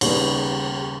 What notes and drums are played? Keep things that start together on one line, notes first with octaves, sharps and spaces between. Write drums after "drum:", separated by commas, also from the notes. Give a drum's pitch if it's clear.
D#2 C#3 G3 B3, drum: cymbal